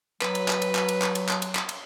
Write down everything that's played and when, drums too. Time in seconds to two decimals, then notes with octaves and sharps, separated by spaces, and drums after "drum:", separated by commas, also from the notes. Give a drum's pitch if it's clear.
0.22 F#3 B4, drum: clap
0.35 drum: cymbal
0.48 drum: clap
0.62 drum: cymbal
0.75 drum: clap
0.88 drum: cymbal
1.02 drum: clap
1.15 drum: cymbal
1.29 drum: clap
1.42 drum: cymbal
1.55 drum: clap
1.69 drum: cymbal